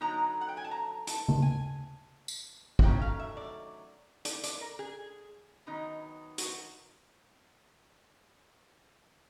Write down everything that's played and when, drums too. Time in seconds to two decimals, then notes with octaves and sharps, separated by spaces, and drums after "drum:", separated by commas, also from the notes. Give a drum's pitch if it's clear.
0.01 D3 F#3 B3 D#4 A#5
0.41 F#5
0.49 G5
0.57 G#5
0.64 A5
0.71 A#5
1.07 A5, drum: hi-hat
1.28 drum: tom C#3
1.42 G#5
2.28 drum: tambourine
2.79 F#5, drum: kick
2.84 D#3 F#3 A3 C#4 G5
3.01 F5
3.20 E5
3.37 D5
4.25 D5, drum: hi-hat
4.44 D5, drum: hi-hat
4.61 A#4
4.79 G#4
5.67 D#3 F#3 B3 D#4
6.38 F#4, drum: hi-hat